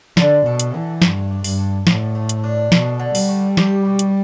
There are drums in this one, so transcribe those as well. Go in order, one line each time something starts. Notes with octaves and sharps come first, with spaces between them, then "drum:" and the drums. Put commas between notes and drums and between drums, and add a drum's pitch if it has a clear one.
D3 D4, drum: snare
B2 A4
drum: hi-hat
D3 E3
G2 A3, drum: snare
D4
G2, drum: open hi-hat
A4
A2 D3, drum: snare
A3
drum: hi-hat
D4
B2 A4, drum: snare
D3
G3, drum: open hi-hat
A3
G4, drum: snare
B2
drum: hi-hat